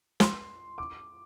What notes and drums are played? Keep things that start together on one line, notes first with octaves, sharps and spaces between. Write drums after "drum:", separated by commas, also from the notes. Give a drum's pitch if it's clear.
C6, drum: snare
D6